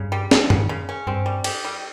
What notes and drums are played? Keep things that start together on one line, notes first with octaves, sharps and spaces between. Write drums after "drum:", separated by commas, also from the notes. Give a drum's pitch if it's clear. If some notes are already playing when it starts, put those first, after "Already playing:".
Already playing: G2 C#3
G3
C#3, drum: snare
C#3, drum: tom
C#3
C#4
G2 C4
G3
G4, drum: cymbal
G3